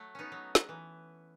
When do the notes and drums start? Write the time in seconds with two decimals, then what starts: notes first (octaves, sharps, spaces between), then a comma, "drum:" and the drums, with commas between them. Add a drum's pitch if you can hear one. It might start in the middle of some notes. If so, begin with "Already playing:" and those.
Already playing: F#3 A3
0.15 B3 C#4 D#4
0.32 F#3
0.55 drum: snare
0.69 E3